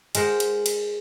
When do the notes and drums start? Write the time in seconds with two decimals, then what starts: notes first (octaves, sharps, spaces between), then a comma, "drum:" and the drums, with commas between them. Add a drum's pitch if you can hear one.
0.15 G#3 A#4 C5 F#5, drum: cymbal
0.40 drum: cymbal
0.66 drum: cymbal